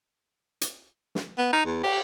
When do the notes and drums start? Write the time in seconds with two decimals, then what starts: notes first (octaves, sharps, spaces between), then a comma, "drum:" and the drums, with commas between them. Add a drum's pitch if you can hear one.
0.61 drum: hi-hat
1.15 drum: snare
1.38 B3
1.53 D#4
1.66 E2
1.83 G4, drum: cymbal